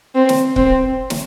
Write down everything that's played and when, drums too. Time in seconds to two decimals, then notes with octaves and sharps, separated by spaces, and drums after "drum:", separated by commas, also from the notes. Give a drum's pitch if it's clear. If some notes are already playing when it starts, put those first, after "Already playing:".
0.15 C4
0.29 drum: snare
0.56 C4, drum: kick C#1
1.10 drum: snare